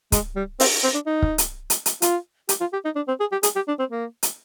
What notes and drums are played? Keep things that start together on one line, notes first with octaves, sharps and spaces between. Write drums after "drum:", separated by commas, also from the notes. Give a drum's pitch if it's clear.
G#3, drum: kick, hi-hat
G3
C4, drum: open hi-hat
C4
D4
D#4
drum: kick
drum: hi-hat
drum: hi-hat
drum: hi-hat
F4, drum: hi-hat
G4, drum: hi-hat
F4
G4
D#4
D4
C4
G#4
G4
G#4, drum: hi-hat
G4
D4
C4
A#3
drum: hi-hat